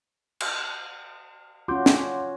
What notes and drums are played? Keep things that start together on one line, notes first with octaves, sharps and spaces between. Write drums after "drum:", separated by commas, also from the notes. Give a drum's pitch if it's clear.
drum: cymbal
C#4 F4 F#4 C6 D6 G6
drum: snare